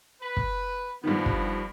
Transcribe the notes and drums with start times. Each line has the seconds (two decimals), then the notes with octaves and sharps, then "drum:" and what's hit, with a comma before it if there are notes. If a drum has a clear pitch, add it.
0.22 B4
0.37 drum: kick
1.04 G2 D#3 F3 B3
1.26 drum: kick